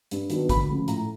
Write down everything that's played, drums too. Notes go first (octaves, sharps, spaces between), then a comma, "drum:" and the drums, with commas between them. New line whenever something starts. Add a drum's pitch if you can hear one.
G2, drum: hi-hat
D#3 F#3 B3 D4, drum: hi-hat
D2 B5, drum: kick, hi-hat
C#3 F3 A3
A2 A#5, drum: hi-hat